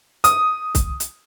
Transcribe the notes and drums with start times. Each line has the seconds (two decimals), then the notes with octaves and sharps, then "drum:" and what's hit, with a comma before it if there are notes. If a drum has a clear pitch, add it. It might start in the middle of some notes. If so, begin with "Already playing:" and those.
0.24 D#6, drum: hi-hat
0.75 drum: kick, hi-hat
1.00 drum: hi-hat